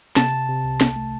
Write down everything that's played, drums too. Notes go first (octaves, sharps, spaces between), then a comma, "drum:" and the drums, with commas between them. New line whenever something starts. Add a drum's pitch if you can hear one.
C3 A5, drum: snare
C3
C3
C2
A1, drum: snare
A3